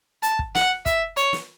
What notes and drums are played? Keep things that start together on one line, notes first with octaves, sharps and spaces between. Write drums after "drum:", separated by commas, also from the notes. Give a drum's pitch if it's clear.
A5, drum: hi-hat
drum: kick
F#5, drum: snare
E5, drum: kick, hi-hat
C#5, drum: hi-hat
drum: snare